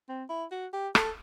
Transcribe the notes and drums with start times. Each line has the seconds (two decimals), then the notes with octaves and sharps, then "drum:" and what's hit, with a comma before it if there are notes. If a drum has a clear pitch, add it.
0.09 C4
0.29 E4
0.51 F#4
0.73 G4
0.95 A4, drum: rim click